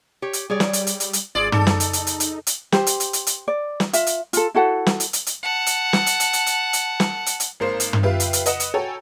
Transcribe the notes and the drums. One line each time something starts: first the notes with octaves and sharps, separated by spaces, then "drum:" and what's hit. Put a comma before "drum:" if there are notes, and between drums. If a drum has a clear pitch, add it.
G4 C#5
drum: hi-hat
G3 G#4 C#5 D5
drum: snare
drum: hi-hat
drum: hi-hat
drum: hi-hat
drum: hi-hat
G#1 F4 G#4 D5
D#4 A4 A5, drum: tom
drum: snare
drum: hi-hat
drum: hi-hat
drum: hi-hat
drum: hi-hat
drum: hi-hat
G4 C5, drum: snare
drum: hi-hat
drum: hi-hat
drum: hi-hat
drum: hi-hat
D5
drum: snare
F4 E5, drum: hi-hat
drum: hi-hat
F4 A4, drum: hi-hat
E4 F#4 A4 F#5
drum: snare
drum: hi-hat
drum: hi-hat
drum: hi-hat
F#5 A5
drum: hi-hat
drum: snare
drum: hi-hat
drum: hi-hat
drum: hi-hat
drum: hi-hat
drum: hi-hat
drum: snare
drum: hi-hat
drum: hi-hat
G#1 A#3 C5 C7
drum: hi-hat
drum: tom
F4 G4 B4 E5 F5 G5
drum: hi-hat
drum: hi-hat
B4 D#5 F#5 C#7 E7, drum: hi-hat
drum: hi-hat
F#4 A4 C#5 G5 G#5 A#5